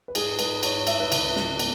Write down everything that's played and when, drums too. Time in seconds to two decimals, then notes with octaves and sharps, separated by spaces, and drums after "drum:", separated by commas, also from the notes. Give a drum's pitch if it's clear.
0.08 B4
0.15 G#2 G#4, drum: cymbal
0.39 G#2 B4, drum: cymbal
0.63 G#2 C#5, drum: cymbal
0.76 C#5
0.87 G#2 E5, drum: cymbal
1.00 B4
1.12 C#2, drum: cymbal
1.36 G#3, drum: snare
1.59 B3, drum: cymbal